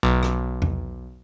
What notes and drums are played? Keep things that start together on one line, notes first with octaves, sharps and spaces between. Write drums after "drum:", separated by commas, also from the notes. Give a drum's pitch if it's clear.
B1
drum: rim click
drum: tom E2